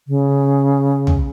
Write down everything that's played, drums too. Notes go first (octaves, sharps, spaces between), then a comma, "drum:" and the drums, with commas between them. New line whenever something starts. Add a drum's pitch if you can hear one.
C#3
drum: tom